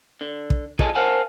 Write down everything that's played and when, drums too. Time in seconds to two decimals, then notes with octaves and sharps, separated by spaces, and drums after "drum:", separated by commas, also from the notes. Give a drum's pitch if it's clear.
0.21 D3
0.50 drum: kick
0.79 F4 G#4 A4 D#5 G#5 A5, drum: kick
0.95 A#4 C5 F5 F#5 G#5 A5